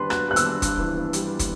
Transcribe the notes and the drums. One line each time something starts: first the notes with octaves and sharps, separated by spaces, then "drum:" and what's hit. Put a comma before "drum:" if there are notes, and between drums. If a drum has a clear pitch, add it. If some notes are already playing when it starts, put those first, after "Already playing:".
Already playing: G3 D4 B4 B5 C6
F#4 F#6, drum: rim click
G3 F#6
E6, drum: hi-hat
D4
G2, drum: kick, hi-hat
E3
G2
G3, drum: hi-hat
drum: kick, hi-hat